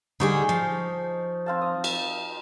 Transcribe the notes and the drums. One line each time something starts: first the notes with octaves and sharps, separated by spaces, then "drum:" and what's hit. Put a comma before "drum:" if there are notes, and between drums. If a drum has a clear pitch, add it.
D3 G3 D#4 G#4 C#6
F3
C4 F5 A5
D#6
drum: cymbal